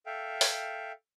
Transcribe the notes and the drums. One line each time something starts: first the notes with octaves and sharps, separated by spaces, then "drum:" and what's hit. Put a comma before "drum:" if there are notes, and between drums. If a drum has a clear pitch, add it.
A4 E5 F5 G5
drum: open hi-hat